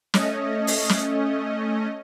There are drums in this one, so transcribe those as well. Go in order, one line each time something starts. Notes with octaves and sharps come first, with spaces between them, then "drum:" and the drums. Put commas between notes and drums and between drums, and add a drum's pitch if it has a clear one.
A3 C#4 D#5, drum: snare
drum: open hi-hat
drum: snare